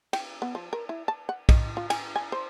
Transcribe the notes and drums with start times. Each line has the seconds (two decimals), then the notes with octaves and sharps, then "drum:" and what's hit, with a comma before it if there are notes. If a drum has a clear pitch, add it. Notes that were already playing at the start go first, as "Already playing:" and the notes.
0.13 G5, drum: cymbal
0.42 B3
0.55 F3
0.73 A#4
0.89 E4
1.08 A5
1.29 F#5
1.49 D#5, drum: kick, cymbal
1.77 F4
1.90 G#5, drum: cymbal
2.16 G#5
2.32 C5